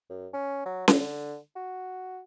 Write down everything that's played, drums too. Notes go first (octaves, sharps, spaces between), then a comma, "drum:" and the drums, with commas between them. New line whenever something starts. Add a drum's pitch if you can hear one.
F#2
C#4
F#3
D3, drum: snare C#4
F#4